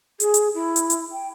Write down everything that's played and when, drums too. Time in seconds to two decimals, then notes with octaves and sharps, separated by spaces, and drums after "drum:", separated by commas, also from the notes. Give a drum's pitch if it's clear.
0.20 G#4, drum: hi-hat
0.34 drum: hi-hat
0.54 E4
0.76 drum: hi-hat
0.90 drum: hi-hat
1.12 G5